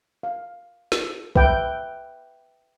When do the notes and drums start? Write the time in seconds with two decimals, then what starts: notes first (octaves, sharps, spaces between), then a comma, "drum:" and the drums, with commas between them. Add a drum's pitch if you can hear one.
0.23 F5
0.92 drum: snare
1.35 B4 E5 G5, drum: kick